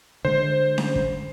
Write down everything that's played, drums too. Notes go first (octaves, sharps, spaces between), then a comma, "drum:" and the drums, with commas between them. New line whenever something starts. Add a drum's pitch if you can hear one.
D3 G#3 C5
drum: snare C#4
drum: kick